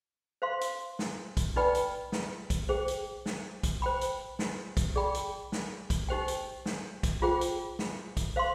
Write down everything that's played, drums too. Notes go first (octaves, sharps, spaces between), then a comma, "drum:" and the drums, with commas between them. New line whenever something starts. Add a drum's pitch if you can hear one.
C5 F5 C6
drum: hi-hat
drum: snare
drum: kick, hi-hat
D#4 B4 D5 G5 B5
drum: hi-hat
drum: snare
drum: kick, hi-hat
G#4 C5 G5
drum: hi-hat
drum: snare
drum: kick, hi-hat
C5 G5 B5
drum: hi-hat
drum: snare
drum: kick, hi-hat
G#4 D5 G5 B5
drum: hi-hat
drum: snare
drum: kick, hi-hat
D#4 G4 C5 G5
drum: hi-hat
drum: snare
drum: kick, hi-hat
F4 G#4 C5 G5
drum: hi-hat
drum: snare
drum: kick, hi-hat
C5 F5 C6